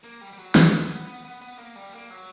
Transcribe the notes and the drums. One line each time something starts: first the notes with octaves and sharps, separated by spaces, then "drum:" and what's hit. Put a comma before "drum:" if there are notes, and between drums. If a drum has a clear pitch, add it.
A#3
G3
G3
F#3
A#3, drum: snare
B3
B3
B3
B3
A#3
G3
A#3
F#3